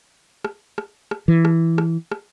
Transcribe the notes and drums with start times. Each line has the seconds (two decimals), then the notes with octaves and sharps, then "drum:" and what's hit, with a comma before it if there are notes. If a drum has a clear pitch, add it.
0.45 drum: rim click
0.78 drum: rim click
1.11 drum: rim click
1.28 E3
1.45 drum: rim click
1.78 drum: rim click
2.12 drum: rim click